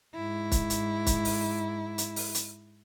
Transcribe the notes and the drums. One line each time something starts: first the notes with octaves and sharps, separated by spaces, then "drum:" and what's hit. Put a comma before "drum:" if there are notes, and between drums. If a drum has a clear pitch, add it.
G#2 E4
drum: kick, hi-hat
drum: hi-hat
drum: kick, hi-hat
drum: open hi-hat
drum: hi-hat
drum: open hi-hat
drum: hi-hat